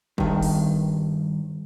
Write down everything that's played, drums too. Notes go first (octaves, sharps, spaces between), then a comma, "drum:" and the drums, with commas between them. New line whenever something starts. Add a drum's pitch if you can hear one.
G2 D#3, drum: kick
drum: open hi-hat